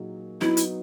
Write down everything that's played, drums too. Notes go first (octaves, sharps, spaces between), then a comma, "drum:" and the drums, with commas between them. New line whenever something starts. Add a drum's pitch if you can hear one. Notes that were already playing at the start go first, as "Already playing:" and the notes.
Already playing: A#2 F#3 A#3 D#4 G#4
F#3 B3 D#4 E4, drum: snare
drum: hi-hat